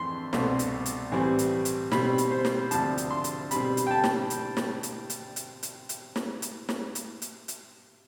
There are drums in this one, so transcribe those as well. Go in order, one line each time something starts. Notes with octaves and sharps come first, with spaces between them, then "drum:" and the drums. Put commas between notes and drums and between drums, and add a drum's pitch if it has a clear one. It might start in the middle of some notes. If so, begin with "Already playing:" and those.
Already playing: F2 E3 A3 C4 C6
C2 B2 A3 C4, drum: snare
drum: hi-hat
drum: hi-hat
A2 E3 G3 C4
drum: hi-hat
drum: hi-hat
B2 G3 C4 B5, drum: snare
drum: hi-hat
C5
drum: snare
D2 C3 F3 A5, drum: hi-hat
drum: hi-hat
C6
drum: hi-hat
B2 G3 C4 B5, drum: hi-hat
drum: hi-hat
G5
A5
drum: snare
drum: hi-hat
drum: snare
drum: hi-hat
drum: hi-hat
drum: hi-hat
drum: hi-hat
drum: hi-hat
drum: snare
drum: hi-hat
drum: snare
drum: hi-hat
drum: hi-hat
drum: hi-hat